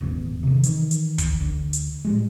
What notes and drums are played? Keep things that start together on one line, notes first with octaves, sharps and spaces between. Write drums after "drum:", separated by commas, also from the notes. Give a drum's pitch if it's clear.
D#1 G#1 E2
C3 D#3
D#3 E3, drum: hi-hat
drum: hi-hat
drum: kick, hi-hat
D2
drum: hi-hat
A2 G3 G#3